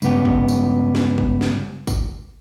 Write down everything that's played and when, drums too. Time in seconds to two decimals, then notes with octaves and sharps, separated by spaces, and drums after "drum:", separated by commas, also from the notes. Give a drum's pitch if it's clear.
0.02 C#2 G2 B3 G4, drum: tambourine
0.25 drum: kick
0.48 drum: tambourine
0.95 drum: snare
1.18 drum: kick
1.41 drum: snare
1.87 drum: kick, tambourine